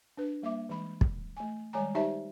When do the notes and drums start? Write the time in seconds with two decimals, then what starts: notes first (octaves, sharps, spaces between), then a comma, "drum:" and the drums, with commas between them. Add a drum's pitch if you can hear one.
0.17 D4 B4
0.42 G3 A#3 E5 D6
0.69 E3 G#3 B5
1.01 drum: kick
1.37 A3 G#5
1.73 D#3 G3 G#3 C#5 G#5 A#5
1.95 D#4 G4 C5 D5 E5 A5